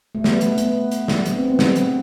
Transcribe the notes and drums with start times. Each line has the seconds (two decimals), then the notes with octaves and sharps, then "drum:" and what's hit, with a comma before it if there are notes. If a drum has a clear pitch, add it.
0.15 A3
0.24 B3, drum: snare
0.41 drum: hi-hat
0.58 B3, drum: hi-hat
0.91 drum: hi-hat
1.08 drum: snare
1.26 B3, drum: hi-hat
1.36 C4
1.47 B3
1.59 drum: snare
1.76 drum: hi-hat